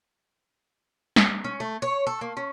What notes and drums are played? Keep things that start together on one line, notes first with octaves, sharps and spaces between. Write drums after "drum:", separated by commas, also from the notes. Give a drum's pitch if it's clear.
drum: snare
C#4
A3
C#5
A4
A#3
C#4